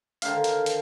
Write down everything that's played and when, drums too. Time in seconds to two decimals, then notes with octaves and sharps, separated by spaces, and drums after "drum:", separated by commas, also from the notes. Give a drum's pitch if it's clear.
0.22 D3 D#3 C5 F5, drum: hi-hat
0.44 drum: hi-hat
0.66 drum: hi-hat